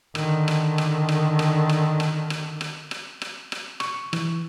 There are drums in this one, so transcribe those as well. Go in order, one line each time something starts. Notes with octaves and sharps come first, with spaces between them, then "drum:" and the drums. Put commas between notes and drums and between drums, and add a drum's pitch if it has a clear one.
D3 D#3, drum: rim click
drum: rim click
drum: rim click
drum: rim click
drum: rim click
drum: rim click
drum: rim click
drum: rim click
drum: rim click
drum: rim click
drum: rim click
drum: rim click
C#6, drum: rim click
E3, drum: rim click